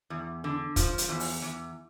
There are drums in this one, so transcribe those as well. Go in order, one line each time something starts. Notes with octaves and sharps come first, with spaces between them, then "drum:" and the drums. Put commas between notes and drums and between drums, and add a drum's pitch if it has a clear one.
E2
D3
F3, drum: kick, hi-hat
drum: hi-hat
E2
drum: open hi-hat
E2